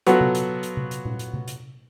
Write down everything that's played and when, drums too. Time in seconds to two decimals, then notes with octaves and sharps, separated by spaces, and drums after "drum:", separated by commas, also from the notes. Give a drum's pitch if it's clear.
0.07 F#3 B3 F4 F#4 A4, drum: hi-hat
0.21 drum: tom C3
0.35 drum: hi-hat
0.63 drum: hi-hat
0.77 drum: tom C3
0.91 drum: hi-hat
1.05 drum: tom A#2
1.19 drum: hi-hat
1.34 drum: tom C3
1.48 drum: hi-hat